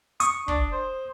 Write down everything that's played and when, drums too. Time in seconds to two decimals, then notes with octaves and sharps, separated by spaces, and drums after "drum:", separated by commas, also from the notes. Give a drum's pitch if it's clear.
0.20 C#6 D#6, drum: hi-hat
0.48 D4, drum: kick
0.72 C5